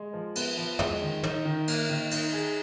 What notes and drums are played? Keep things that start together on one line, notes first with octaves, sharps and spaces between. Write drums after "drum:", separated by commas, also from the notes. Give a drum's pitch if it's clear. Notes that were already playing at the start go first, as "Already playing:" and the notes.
Already playing: G#3
F3
B3, drum: cymbal
F3
G#3, drum: tom
D#3
D#4, drum: tom
D#3
A#3, drum: cymbal
D#3
D#4, drum: cymbal
G#4